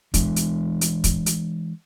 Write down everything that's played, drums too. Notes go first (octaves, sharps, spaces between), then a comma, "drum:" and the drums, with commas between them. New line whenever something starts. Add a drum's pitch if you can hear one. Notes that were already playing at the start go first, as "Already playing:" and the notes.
E3 G#3 D4, drum: kick, hi-hat
drum: hi-hat
drum: hi-hat
drum: kick, hi-hat
drum: hi-hat